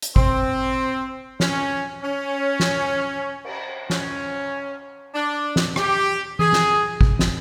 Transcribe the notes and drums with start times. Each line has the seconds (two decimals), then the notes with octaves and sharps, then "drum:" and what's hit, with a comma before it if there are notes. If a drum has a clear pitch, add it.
0.02 drum: hi-hat
0.16 C4, drum: kick G#1
1.40 C#4, drum: snare
2.02 C#4
2.60 drum: snare
3.44 drum: cymbal
3.90 C#4, drum: snare
5.14 D4
5.56 drum: snare
5.76 G4, drum: rim click
6.39 G#4, drum: tom E3
6.53 drum: snare
7.01 drum: kick G#1
7.19 drum: snare